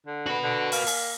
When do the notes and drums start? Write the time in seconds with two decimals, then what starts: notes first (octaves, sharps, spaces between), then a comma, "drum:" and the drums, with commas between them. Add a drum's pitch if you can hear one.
0.06 D3
0.27 F#4 B4
0.43 D3
0.72 A#3, drum: open hi-hat
0.87 drum: open hi-hat